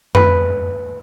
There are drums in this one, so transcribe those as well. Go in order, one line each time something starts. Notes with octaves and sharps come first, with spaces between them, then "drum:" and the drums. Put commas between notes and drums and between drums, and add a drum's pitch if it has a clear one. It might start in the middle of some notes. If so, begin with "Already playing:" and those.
B4, drum: tom F2